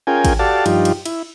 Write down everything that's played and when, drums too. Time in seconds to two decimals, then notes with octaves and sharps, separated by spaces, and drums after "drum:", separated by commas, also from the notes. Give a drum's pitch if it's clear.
0.07 C#4 F4 G#4 A#4 G5 G#5
0.25 drum: kick, cymbal
0.39 F#4 G4 A4 D5 F5 A5
0.66 G2 F3 D#4 F4 G4, drum: cymbal
0.85 drum: cymbal
1.06 E4, drum: cymbal